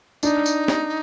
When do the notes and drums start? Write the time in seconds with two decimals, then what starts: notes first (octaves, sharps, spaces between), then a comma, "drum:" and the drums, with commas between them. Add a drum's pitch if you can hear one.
0.23 D4 D#4, drum: tambourine
0.46 drum: tambourine
0.68 drum: snare